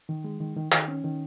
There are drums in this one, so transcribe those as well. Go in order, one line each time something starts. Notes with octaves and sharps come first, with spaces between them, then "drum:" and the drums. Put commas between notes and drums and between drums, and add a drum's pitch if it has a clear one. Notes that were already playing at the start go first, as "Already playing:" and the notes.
D#3
G#3
D#3
D#3
D#3, drum: clap
C#4
D#3